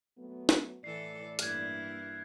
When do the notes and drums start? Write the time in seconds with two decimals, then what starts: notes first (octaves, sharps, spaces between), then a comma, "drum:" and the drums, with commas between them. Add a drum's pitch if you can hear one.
0.18 F#3 A3 B3
0.49 drum: snare
0.84 A2 E3 A4 D5 C7
1.39 G2 A#3 E4 F6 F#6 G#6, drum: hi-hat